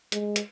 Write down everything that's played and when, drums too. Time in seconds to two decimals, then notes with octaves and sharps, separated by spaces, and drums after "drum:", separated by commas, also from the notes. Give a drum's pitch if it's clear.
0.12 G#3, drum: hi-hat
0.36 drum: hi-hat